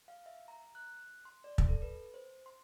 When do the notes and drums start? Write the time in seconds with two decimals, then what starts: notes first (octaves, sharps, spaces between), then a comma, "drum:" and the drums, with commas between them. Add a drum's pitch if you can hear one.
0.08 F5
0.26 E5
0.48 A#5
0.75 F#6
1.25 C6
1.44 D5
1.58 drum: kick
1.68 A4
1.82 B4
2.14 C5
2.46 C6